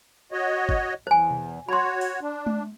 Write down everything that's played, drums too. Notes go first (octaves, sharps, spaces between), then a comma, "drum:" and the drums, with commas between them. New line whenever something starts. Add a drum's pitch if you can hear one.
F#4 C#5 D#5
drum: kick
E2 C5 G#5
drum: tom B2
F#4 C#5 B5 C6
drum: open hi-hat
D4
drum: tom G#3